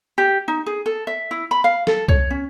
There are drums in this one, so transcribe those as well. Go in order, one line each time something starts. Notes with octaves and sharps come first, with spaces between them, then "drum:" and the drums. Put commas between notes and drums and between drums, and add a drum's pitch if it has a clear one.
G4
D#4
G#4
A4
E5
E4
B5
F5
A4, drum: snare
C#5, drum: kick C2
C#4